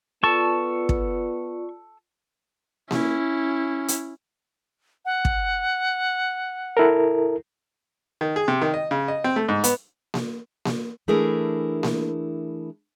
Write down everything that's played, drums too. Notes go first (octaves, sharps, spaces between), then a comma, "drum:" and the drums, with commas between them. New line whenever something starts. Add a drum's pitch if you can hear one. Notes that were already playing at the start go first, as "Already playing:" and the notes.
B3 F4 A4 D5 A5 C#6
drum: kick
C#4 E4, drum: snare A#3
drum: hi-hat
F#5
drum: kick
E4 A4 A#4
D#3
G#4
C3
D#3
D#5
C#3
D#5
C4
A3
G#2
B3, drum: hi-hat
drum: snare A#3
drum: snare A#3
E3 A3 D4 E4 G#4 A#4
drum: snare A#3